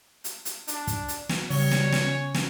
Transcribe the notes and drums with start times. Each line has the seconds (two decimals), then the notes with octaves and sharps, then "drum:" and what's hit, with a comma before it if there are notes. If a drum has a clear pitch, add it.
0.24 drum: hi-hat
0.45 drum: hi-hat
0.68 D4, drum: hi-hat
0.87 drum: kick, hi-hat
1.08 drum: hi-hat
1.29 drum: snare
1.50 C#3 G3 C#5, drum: open hi-hat
1.71 drum: snare
1.92 drum: snare
2.03 C#4
2.34 drum: snare